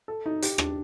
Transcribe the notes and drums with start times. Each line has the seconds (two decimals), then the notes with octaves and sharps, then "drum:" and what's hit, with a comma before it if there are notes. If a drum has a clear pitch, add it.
0.08 A4
0.26 D#4
0.42 G4, drum: hi-hat
0.58 D4, drum: rim click